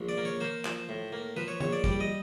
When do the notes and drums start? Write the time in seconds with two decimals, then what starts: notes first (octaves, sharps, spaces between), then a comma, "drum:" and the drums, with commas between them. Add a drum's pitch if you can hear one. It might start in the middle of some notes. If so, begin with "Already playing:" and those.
Already playing: A#1
0.09 D5
0.17 A#3
0.25 C#5
0.40 A#3 C5
0.65 F3, drum: clap
0.89 A2
1.13 A#3
1.37 F3 B4
1.48 C#5
1.60 A#1 C#5, drum: tom
1.73 D5
1.84 G3 D5, drum: kick
2.00 D#5